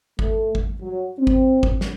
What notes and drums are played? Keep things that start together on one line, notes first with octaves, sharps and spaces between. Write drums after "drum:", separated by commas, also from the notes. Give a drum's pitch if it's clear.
A3, drum: kick
drum: kick
F#3
C4
drum: kick
drum: kick
drum: snare